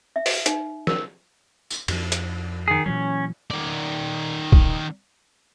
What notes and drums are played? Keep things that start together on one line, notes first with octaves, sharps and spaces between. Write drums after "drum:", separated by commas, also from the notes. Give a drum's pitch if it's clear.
E5
drum: open hi-hat
D#4, drum: hi-hat
A#4, drum: snare
drum: tambourine
F2 F3, drum: cymbal
drum: hi-hat
D#3 G#4
A#2 E3 F#3 C#4
D#3 D5
drum: kick